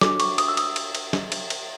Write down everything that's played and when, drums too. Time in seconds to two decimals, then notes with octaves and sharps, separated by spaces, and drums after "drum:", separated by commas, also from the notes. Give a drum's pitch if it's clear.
0.01 D4 F#4 A4 C#5 D6, drum: snare
0.20 C#6, drum: cymbal
0.38 D#6, drum: cymbal
0.48 E6
0.57 D#6, drum: cymbal
0.76 drum: cymbal
0.95 drum: cymbal
1.13 drum: snare
1.32 drum: cymbal
1.50 drum: cymbal